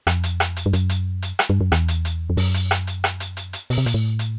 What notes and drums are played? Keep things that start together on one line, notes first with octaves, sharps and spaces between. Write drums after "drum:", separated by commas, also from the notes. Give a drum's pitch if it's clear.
F2, drum: rim click
drum: hi-hat
drum: rim click
drum: hi-hat
G2
F#2, drum: hi-hat
drum: hi-hat
drum: hi-hat
drum: rim click
G2
F#2
E2, drum: rim click
drum: hi-hat
drum: hi-hat
F2
F#2, drum: open hi-hat
drum: hi-hat
drum: rim click
drum: hi-hat
drum: rim click
drum: hi-hat
drum: hi-hat
drum: hi-hat
B2, drum: open hi-hat
C3
A#2, drum: hi-hat
A2
drum: hi-hat